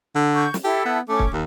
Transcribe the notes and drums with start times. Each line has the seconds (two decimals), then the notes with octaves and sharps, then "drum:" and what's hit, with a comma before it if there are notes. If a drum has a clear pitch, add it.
0.15 D3
0.34 C#6 G6
0.54 drum: snare
0.64 E4 G4 A4
0.85 B3
1.08 A3 C#4 D6
1.19 drum: kick
1.32 D#2